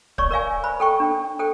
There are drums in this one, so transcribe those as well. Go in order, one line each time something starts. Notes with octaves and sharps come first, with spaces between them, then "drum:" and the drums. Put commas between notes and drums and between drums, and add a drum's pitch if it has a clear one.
C#5 D5 C#6, drum: kick
A#4 D5 F5 G#5
C5 B5
A4 G5 C#6
D4
A4 C5 G5